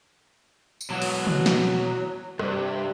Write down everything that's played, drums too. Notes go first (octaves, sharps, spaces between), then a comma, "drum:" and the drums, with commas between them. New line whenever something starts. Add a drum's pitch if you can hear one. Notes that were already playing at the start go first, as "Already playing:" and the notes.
drum: tambourine
B2 E3 F#3
drum: open hi-hat
drum: tom
drum: snare
G2 C3, drum: rim click